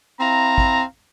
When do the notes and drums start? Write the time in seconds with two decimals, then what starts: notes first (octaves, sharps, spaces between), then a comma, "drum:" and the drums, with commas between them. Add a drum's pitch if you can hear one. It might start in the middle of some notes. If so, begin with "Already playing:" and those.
0.20 C4 E4 F5 A#5
0.58 drum: kick